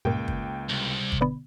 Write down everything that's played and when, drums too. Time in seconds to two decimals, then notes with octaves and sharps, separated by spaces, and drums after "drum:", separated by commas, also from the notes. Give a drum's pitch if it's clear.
0.05 C#2 G2 A#2 A#3 G5
0.28 drum: kick
0.70 C2
1.12 drum: kick
1.21 B2 D3 B3